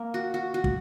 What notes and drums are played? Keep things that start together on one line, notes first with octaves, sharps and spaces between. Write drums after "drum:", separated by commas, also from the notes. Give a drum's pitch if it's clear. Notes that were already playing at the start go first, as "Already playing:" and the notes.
Already playing: A#3
F#4
F#4
F#4
drum: kick